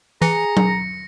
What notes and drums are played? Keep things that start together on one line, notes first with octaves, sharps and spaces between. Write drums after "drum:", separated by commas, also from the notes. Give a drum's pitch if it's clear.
E3 G#4 A#5 A#6 C#7
drum: tom F#3